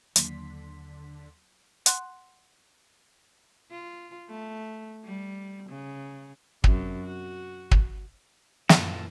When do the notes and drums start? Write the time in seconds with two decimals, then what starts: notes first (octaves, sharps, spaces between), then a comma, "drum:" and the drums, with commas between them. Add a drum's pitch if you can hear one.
0.16 D#2 D3 F#3 A#3 C6 B6, drum: hi-hat
1.86 F#5 C6 F#6, drum: hi-hat
3.71 F4
4.29 A3
5.04 G3
5.69 C#3
6.64 F#2 C3, drum: kick
7.02 F#4
7.71 drum: kick
8.69 F#2 A#2 E3 F4 A4, drum: snare